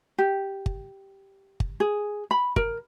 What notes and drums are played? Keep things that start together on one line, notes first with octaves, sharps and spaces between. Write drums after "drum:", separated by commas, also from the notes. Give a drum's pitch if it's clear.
G4
drum: kick G1
drum: kick G1
G#4
B5
A#4, drum: kick G1